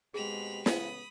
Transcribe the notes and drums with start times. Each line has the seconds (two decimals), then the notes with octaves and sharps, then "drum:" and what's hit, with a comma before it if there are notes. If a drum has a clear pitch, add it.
0.14 B2 G#3 C4 G4 G#4 B5 F7
0.66 A1 C#3 B3 B5 D#6, drum: snare